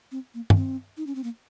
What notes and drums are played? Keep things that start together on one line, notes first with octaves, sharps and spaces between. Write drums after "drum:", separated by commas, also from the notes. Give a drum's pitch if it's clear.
C4
A#3
C#4, drum: tom G2
C4
D#4
C#4
C4
A#3